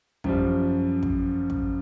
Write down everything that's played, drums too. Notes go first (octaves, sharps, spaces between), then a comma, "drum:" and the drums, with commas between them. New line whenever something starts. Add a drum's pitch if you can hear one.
F#2 F3 G3, drum: kick
drum: kick
drum: kick